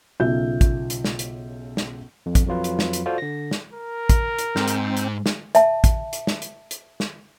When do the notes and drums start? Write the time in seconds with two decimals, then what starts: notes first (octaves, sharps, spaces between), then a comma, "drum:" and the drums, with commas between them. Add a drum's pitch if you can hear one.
0.20 B1 C#3 F4 E5 G6
0.61 drum: kick, hi-hat
0.90 drum: hi-hat
1.05 drum: snare
1.19 drum: hi-hat
1.77 drum: snare
2.26 F2
2.35 drum: kick, hi-hat
2.47 F2 F#3 F4 B4
2.64 drum: hi-hat
2.79 drum: snare
2.93 drum: hi-hat
3.06 F4 F#4 A4 C5 D5
3.18 D3 A#6
3.51 drum: snare
3.74 A#4
4.09 drum: kick, hi-hat
4.39 drum: hi-hat
4.56 G#2 C4, drum: snare
4.68 drum: hi-hat
4.97 drum: hi-hat
5.26 drum: snare
5.55 E5 A5, drum: hi-hat
5.84 drum: kick, hi-hat
6.13 drum: hi-hat
6.27 drum: snare
6.42 drum: hi-hat
6.71 drum: hi-hat
7.00 drum: snare